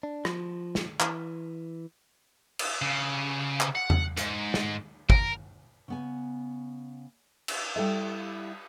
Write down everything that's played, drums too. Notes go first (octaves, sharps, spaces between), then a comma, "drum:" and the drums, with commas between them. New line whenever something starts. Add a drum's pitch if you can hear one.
D4
F3, drum: rim click
drum: snare
E3, drum: clap
drum: cymbal
C#3
drum: clap
F#5
drum: tom E2
G#2, drum: hi-hat
drum: snare
A#4, drum: kick
C#3 B3 G#5
drum: cymbal
G3 E4 G4 A4 D5 E5